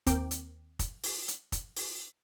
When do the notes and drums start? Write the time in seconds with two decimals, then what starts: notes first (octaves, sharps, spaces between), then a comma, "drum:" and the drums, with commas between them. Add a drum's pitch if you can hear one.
0.06 D#2 C4 A#4 G5 D6, drum: kick, hi-hat
0.31 drum: hi-hat
0.79 drum: kick, hi-hat
1.04 drum: open hi-hat
1.28 drum: hi-hat
1.52 drum: kick, hi-hat
1.76 drum: open hi-hat